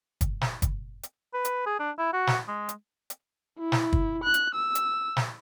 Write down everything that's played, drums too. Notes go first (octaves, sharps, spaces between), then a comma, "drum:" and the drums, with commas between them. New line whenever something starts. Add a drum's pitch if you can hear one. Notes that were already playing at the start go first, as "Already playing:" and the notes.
drum: kick, hi-hat
drum: snare
drum: kick, hi-hat
drum: hi-hat
B4
drum: hi-hat
G#4
D4
E4
F#4
drum: snare
G#3
drum: hi-hat
drum: hi-hat
E4
drum: snare
drum: kick
F#6
drum: hi-hat
E6
drum: hi-hat
drum: snare